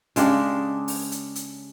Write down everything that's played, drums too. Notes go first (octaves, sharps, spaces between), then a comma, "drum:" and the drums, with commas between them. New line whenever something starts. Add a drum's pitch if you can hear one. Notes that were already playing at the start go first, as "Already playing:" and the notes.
C#3 G#3 D4 G4, drum: hi-hat
drum: open hi-hat
drum: hi-hat
drum: hi-hat